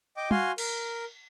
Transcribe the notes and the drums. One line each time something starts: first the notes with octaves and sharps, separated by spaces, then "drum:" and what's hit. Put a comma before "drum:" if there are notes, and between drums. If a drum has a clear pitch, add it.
D#5 G5 D6
F#4 F5 G#5 C6, drum: tom
A#4, drum: cymbal